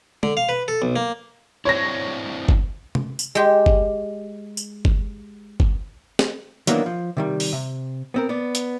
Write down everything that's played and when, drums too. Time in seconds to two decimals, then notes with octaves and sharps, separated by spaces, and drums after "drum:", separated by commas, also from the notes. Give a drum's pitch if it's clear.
0.23 D3, drum: tom
0.37 F5
0.49 B4
0.68 A4
0.82 B1
0.96 A#3
1.65 C4 D4 E4 C#5 A#6
2.49 drum: kick G1
2.95 drum: tom C3
3.19 drum: tambourine
3.35 G#3 G4
3.66 drum: kick G1
4.57 drum: tambourine
4.85 drum: kick G1
5.60 drum: kick G1
6.19 drum: snare
6.67 D#3 E3 F#3 A#3 B3 D4, drum: hi-hat
6.86 F3
7.17 C3 D#3 G3
7.40 drum: open hi-hat
7.53 C3
8.14 B3 C4 A#4
8.29 B3 D5
8.55 drum: hi-hat